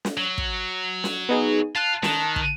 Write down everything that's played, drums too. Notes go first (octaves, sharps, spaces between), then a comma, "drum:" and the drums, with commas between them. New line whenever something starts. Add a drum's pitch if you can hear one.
drum: snare
F#3
drum: kick
drum: snare
B3 D#4 G#4
F4 A5 F#6
D#3, drum: snare
drum: kick